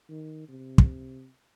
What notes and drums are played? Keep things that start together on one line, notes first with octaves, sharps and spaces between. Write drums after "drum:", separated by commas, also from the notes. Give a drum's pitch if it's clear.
D#3
C3
drum: kick